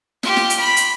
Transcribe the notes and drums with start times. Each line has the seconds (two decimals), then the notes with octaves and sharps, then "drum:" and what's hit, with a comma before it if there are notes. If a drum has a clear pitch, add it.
0.23 F4 G4, drum: snare
0.37 drum: snare
0.50 drum: hi-hat
0.60 B5
0.76 drum: hi-hat